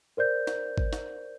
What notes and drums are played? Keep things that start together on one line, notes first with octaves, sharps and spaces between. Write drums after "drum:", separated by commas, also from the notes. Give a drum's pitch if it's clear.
A#4 C5 D5 G6
drum: snare
drum: kick
drum: snare